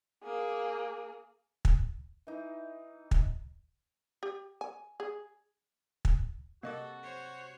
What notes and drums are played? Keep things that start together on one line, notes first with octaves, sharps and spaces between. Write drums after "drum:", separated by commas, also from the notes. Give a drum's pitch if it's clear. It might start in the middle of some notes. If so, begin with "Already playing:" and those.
A#3 G#4
drum: kick
E3 D#4
drum: kick
G4
G#5
G#4
drum: kick
C3 A#3 F#4 A4 D#5 D6
C5 C#5